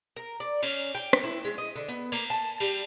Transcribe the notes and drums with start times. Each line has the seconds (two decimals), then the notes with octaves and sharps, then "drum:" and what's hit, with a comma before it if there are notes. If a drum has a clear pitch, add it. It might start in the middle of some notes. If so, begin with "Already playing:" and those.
0.16 A#4
0.40 D5
0.63 C#4, drum: cymbal
0.95 G5
1.13 drum: rim click
1.24 E4
1.44 G#3
1.58 D#5
1.76 D3
1.88 B3
2.12 A#3, drum: cymbal
2.30 A5
2.60 G3, drum: cymbal